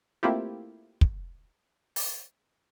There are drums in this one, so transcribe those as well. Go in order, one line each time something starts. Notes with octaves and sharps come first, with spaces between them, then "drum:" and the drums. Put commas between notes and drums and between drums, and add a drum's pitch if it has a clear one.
A3 A#3 C4 E4 F4 G4
drum: kick
drum: open hi-hat